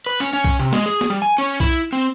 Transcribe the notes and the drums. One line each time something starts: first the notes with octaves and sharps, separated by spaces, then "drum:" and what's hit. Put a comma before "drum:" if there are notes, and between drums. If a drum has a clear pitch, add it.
B4
C#4
C#4
drum: kick B1, tambourine
C3, drum: tambourine
G#3, drum: snare
G#4, drum: tambourine
drum: snare
G3
G#5
C#4
E4, drum: kick B1, tambourine
drum: tambourine
C4